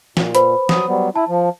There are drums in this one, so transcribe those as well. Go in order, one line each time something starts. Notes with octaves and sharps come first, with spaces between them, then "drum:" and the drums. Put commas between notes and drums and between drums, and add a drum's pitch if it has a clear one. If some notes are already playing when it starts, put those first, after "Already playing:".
A#2, drum: snare
B4 C5 B5, drum: hi-hat
F#3 D#6, drum: snare
F#3 G3 B3
E4 A5
F3